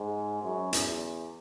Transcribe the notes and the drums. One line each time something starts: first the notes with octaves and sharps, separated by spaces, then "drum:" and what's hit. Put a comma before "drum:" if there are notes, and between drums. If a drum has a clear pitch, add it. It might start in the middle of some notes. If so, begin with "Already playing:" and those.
Already playing: G#2
F#2
E2, drum: hi-hat